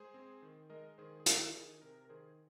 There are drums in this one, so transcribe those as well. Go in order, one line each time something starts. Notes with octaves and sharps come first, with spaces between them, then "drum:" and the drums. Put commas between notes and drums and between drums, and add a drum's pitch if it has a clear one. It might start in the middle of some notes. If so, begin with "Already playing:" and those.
Already playing: G#3 G#4 C5
C4
D#3
G#3 A#4 D#5
D#3 G#4 C5
G#4
D#3 A#4, drum: hi-hat
D#3 G#4
C3 A#4
A#4
D#3 G#4 C5